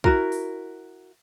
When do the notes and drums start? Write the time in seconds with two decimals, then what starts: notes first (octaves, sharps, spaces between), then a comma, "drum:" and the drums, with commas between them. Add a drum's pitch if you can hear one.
0.04 E4 F#4 A#4, drum: kick
0.32 drum: open hi-hat